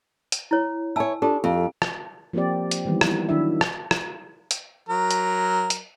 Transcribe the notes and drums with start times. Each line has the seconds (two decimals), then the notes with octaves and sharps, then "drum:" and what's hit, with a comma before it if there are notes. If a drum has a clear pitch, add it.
0.32 drum: hi-hat
0.51 E4 C#5
0.96 E4 C#5 G#5 A5 E6
1.22 D4 F4 G4 A4
1.44 F2
1.82 drum: rim click
2.33 F3 A#3 C4 G4 D5
2.71 drum: hi-hat
2.85 D#3 E3 G3 B3
3.01 drum: rim click
3.29 D#3 F#3 D4 E4 E5
3.61 drum: rim click
3.91 drum: rim click
4.51 drum: hi-hat
4.89 F#3 A#4
5.11 drum: hi-hat
5.70 drum: hi-hat